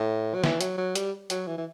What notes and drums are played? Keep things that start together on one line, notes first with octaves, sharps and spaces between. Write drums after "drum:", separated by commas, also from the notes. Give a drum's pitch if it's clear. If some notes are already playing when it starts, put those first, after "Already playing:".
Already playing: A2
F#3
E3, drum: snare
F#3, drum: hi-hat
F#3
G3, drum: hi-hat
F#3, drum: hi-hat
E3
E3